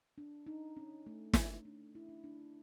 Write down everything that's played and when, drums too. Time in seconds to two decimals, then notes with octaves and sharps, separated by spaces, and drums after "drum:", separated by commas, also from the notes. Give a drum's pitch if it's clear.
0.18 D4
0.47 D#4
0.77 C#4
1.07 A3
1.33 drum: snare
1.45 C#4
1.65 D4
1.95 E4
2.09 D4
2.24 D4